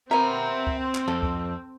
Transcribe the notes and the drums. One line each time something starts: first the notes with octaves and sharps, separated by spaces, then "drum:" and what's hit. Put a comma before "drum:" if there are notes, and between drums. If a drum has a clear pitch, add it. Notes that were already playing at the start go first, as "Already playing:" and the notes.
B3 C4 A#4 E5 A#5
drum: kick C#2
drum: clap
F2 A4
drum: kick C#2